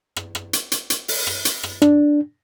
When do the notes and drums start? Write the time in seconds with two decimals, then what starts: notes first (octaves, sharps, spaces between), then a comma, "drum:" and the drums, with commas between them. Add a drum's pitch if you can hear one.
0.16 drum: rim click
0.35 drum: rim click
0.53 drum: hi-hat
0.72 drum: hi-hat
0.90 drum: hi-hat
1.08 drum: open hi-hat
1.27 drum: rim click
1.45 drum: hi-hat
1.63 drum: rim click
1.82 D4, drum: rim click